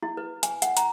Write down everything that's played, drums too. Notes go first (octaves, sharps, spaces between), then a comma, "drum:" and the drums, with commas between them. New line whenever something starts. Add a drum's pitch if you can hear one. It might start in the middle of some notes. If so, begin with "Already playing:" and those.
E4
B4
G#5, drum: hi-hat
F#5, drum: hi-hat
A#5, drum: hi-hat